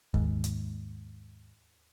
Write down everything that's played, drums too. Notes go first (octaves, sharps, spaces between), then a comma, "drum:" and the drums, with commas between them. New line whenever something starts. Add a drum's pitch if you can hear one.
D#2 G#2, drum: kick
drum: hi-hat